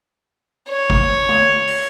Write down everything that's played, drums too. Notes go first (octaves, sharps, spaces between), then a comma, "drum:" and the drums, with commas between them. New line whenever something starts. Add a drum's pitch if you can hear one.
C#5
drum: kick
drum: tom
drum: open hi-hat